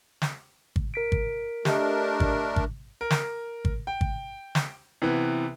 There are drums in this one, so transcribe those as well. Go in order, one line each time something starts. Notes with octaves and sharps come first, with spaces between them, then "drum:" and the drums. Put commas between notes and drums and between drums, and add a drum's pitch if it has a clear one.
drum: snare
drum: kick
A#4 B6 D7
drum: kick
A3 D4 G4 A#4 D#5, drum: snare
drum: kick
drum: kick
A#4
drum: snare
drum: kick
G5
drum: kick
drum: snare
C3 E3 B3